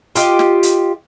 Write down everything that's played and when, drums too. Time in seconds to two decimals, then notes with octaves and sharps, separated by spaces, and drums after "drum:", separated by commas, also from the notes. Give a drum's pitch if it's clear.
0.15 F4 G4 D#5, drum: hi-hat
0.39 drum: snare
0.63 drum: hi-hat